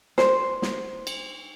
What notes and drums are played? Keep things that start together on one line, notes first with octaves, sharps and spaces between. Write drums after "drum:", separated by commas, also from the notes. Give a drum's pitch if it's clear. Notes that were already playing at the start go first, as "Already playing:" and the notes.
C5, drum: snare
drum: snare
drum: cymbal